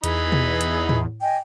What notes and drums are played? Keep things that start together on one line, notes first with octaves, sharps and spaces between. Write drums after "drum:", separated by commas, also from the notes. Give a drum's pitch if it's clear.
E2 E3 D#4 G#4 B5, drum: hi-hat
drum: tom B2
drum: hi-hat
drum: tom A2
D#5 G5 G#5